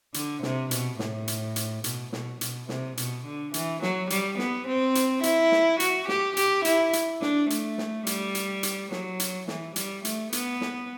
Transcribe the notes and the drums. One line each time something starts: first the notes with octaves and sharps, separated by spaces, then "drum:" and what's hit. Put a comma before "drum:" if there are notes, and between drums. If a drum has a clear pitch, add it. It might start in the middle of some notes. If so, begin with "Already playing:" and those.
D3, drum: hi-hat
C3, drum: snare
B2, drum: hi-hat
A2, drum: snare
drum: hi-hat
drum: hi-hat
B2, drum: hi-hat
B2, drum: snare
B2, drum: hi-hat
C3, drum: snare
B2, drum: hi-hat
D3
E3, drum: hi-hat
F#3, drum: snare
G3, drum: hi-hat
B3, drum: snare
C4
drum: hi-hat
E4, drum: hi-hat
drum: snare
F#4, drum: hi-hat
G4, drum: snare
G4, drum: hi-hat
E4, drum: hi-hat
drum: hi-hat
D4, drum: snare
A3, drum: hi-hat
drum: snare
G3, drum: hi-hat
drum: hi-hat
drum: hi-hat
F#3, drum: snare
drum: hi-hat
E3, drum: snare
G3, drum: hi-hat
A3, drum: hi-hat
B3, drum: hi-hat
drum: snare